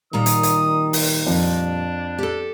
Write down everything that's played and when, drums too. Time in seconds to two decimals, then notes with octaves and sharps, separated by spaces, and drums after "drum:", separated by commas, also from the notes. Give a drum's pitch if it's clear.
0.13 A#2 D#3 G3 A#5 D#6
0.26 drum: hi-hat
0.43 drum: hi-hat
0.93 drum: open hi-hat
1.27 F2 D4
2.19 G4 A4